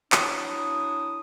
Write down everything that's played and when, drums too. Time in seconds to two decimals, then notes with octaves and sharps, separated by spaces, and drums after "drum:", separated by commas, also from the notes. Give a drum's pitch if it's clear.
0.12 F#3 D4 E4 D#6, drum: clap